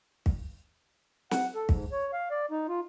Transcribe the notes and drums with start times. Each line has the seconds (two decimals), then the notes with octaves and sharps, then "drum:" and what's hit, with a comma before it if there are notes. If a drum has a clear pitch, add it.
0.26 drum: kick
1.31 F#5, drum: snare
1.55 A4
1.69 G#2, drum: kick
1.92 C#5
2.13 F5
2.31 D5
2.51 D#4
2.68 F4